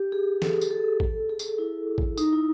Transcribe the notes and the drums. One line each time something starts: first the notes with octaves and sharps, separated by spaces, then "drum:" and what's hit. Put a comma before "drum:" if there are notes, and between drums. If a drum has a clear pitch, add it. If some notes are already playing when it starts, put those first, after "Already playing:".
Already playing: G4
G#4
A4, drum: snare
drum: tambourine
A4
A4, drum: kick
G#4
drum: tambourine
E4
drum: kick
D#4, drum: tambourine
E4